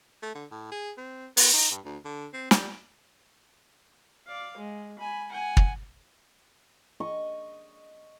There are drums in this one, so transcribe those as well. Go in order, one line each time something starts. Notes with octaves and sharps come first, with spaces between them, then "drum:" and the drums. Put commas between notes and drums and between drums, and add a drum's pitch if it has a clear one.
A3
D3
A2
G#4
C4
B3, drum: open hi-hat
D#4
G2
D2
D3
C4
G3, drum: snare
D5 F5
G#3
G#5 B5
F#5 G#5
drum: kick
D#5 C#6